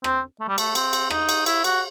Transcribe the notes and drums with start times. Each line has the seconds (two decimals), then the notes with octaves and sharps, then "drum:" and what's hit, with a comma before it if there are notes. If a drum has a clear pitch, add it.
0.04 C4, drum: rim click
0.40 A3
0.48 G3
0.58 A3, drum: cymbal
0.75 C4, drum: cymbal
0.93 drum: cymbal
1.10 D#4, drum: rim click
1.29 drum: cymbal
1.46 E4, drum: cymbal
1.64 F#4, drum: cymbal